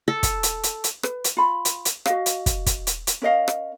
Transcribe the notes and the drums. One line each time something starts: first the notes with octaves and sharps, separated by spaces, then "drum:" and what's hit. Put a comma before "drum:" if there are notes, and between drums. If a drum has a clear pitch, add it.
A4
drum: kick, hi-hat
drum: hi-hat
drum: hi-hat
drum: hi-hat
B4, drum: rim click
drum: hi-hat
F4 B5
drum: hi-hat
drum: hi-hat
F#4 A#4 D#5 F5, drum: rim click
drum: hi-hat
drum: kick, hi-hat
drum: kick, hi-hat
drum: hi-hat
drum: hi-hat
C#4 A#4 D#5 F5
drum: rim click